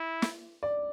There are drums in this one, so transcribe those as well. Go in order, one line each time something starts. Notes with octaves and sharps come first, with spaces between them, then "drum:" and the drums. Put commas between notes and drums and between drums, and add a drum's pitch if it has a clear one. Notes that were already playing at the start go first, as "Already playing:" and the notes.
Already playing: E4
drum: snare
D5